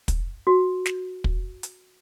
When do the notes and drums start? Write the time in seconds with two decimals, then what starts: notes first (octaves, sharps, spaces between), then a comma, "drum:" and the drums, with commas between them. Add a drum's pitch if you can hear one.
0.08 drum: kick, hi-hat
0.47 F#4
0.86 drum: snare
1.24 drum: kick
1.63 drum: hi-hat